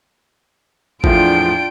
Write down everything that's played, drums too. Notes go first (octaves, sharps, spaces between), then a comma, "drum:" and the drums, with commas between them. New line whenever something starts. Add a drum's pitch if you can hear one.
E2 A2 F3 D4 F4 G5 D7, drum: kick G#1